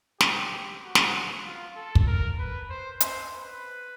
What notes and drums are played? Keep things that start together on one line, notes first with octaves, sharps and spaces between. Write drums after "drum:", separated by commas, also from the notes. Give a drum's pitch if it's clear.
G4, drum: snare
F#4
drum: snare
F4
A4
drum: kick
A#4
B4
C5
C5, drum: hi-hat
B4